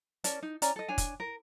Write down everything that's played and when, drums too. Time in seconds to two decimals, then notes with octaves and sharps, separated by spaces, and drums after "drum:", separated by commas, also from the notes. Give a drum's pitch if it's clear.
0.24 C#4 A#4 D5 A5, drum: hi-hat
0.43 D#4
0.62 C#4 D5 G#5 A#5, drum: hi-hat
0.76 A4 D#5
0.88 D4 C#5 G#5
0.98 drum: kick, hi-hat
1.20 A#4